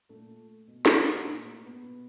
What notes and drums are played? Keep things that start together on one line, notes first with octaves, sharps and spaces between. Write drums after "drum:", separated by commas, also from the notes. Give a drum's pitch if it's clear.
A#2 A3
B2
drum: snare
A#3
A#2 A3
A#3
B3
B2